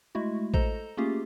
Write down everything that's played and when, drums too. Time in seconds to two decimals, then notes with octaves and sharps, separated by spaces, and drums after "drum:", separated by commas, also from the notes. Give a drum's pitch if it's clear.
0.15 G#3 A3 E4 F#4
0.54 A4 C5 D#5 A#5, drum: kick
0.97 A3 A#3 C#4 F4 G4 G#4